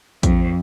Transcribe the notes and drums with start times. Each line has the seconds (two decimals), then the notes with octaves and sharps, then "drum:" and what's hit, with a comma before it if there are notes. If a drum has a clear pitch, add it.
0.23 F2, drum: kick A#1, hi-hat